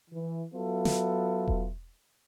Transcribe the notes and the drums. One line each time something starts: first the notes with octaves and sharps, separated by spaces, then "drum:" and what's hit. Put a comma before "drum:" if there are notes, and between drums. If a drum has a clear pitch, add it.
E3
F#3 B3 F4 A4 E5
drum: snare
drum: kick E1